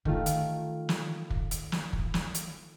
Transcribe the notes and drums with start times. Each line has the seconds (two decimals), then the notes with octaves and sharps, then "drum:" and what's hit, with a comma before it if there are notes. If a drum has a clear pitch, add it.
0.05 D#3 A3 F4, drum: kick
0.26 drum: hi-hat
0.89 drum: snare
1.30 drum: kick
1.51 drum: hi-hat
1.72 drum: snare
1.93 drum: kick
2.14 drum: snare
2.35 drum: hi-hat